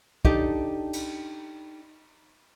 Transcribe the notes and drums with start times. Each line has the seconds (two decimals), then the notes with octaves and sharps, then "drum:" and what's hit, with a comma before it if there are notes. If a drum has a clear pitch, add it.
0.25 D4 D#4 G4 A4, drum: kick
0.93 drum: cymbal